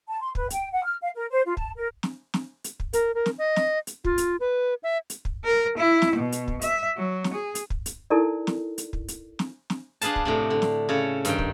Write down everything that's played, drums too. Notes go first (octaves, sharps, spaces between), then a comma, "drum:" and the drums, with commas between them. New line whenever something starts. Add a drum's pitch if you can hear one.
A5
C6
B4, drum: kick
G5, drum: hi-hat
F#5
F6
F5
A#4
C5
F4
A5, drum: kick
A#4
drum: snare
drum: snare
drum: hi-hat
drum: kick
A#4, drum: hi-hat
A#4
drum: snare
D#5
drum: snare
drum: hi-hat
F4, drum: kick
drum: hi-hat
B4
E5
drum: hi-hat
drum: kick
A#4
E4
drum: snare
B2
drum: hi-hat
drum: kick
E5, drum: hi-hat
F#3
drum: snare
G#4
drum: hi-hat
drum: kick
drum: hi-hat
D#4 E4 A4 A#4 D5
drum: snare
drum: hi-hat
drum: kick
drum: hi-hat
drum: snare
drum: snare
D4 G#4 B4 F5 A5, drum: hi-hat
drum: kick
A2 C3 D4
D3
drum: snare
C#3 A4 C#5
G2 D#3 G5, drum: hi-hat
drum: kick